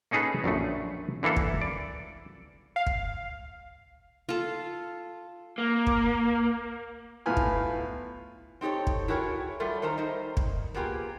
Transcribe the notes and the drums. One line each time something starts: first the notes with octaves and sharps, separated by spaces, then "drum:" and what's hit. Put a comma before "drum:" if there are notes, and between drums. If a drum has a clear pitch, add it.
A#3 C#4 D#4 G#4 A4 B4
A#1 F#2 A2 A3
D3 E3 A#3 A4 E5
drum: kick
D5
F5
drum: kick
F4 A4
A#3
drum: kick
B1 A2 F4 B4 G#5 F6
drum: kick
C4 D#4 G4 A4 C#5
drum: kick
E4 F#4 G#4 A#4 C#5 G5
F#3 G3 A3 F4 A#4
D#3 D#4 A#4 C5 E5 A#5
G3 D#4 A#4 C5 D#5
drum: kick
A#3 B3 F4 G4 G#4 A#4